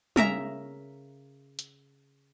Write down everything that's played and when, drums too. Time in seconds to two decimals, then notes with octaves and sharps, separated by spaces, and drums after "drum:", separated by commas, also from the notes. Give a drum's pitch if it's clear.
0.16 C#3 A#4 E5 A#5, drum: tom G3
1.59 drum: hi-hat